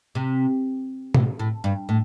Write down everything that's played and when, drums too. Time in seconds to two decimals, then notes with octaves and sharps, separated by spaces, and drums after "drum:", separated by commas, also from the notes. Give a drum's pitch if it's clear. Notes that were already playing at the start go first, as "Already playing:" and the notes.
0.15 C3
1.14 A2, drum: tom
1.39 A2
1.64 G2
1.89 A2